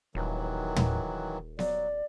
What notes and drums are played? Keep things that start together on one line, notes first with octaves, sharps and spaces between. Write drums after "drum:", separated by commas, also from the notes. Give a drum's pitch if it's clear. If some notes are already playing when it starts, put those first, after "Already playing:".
D#1 D#3 E3 F#3
drum: tom
F#3 D5, drum: snare B3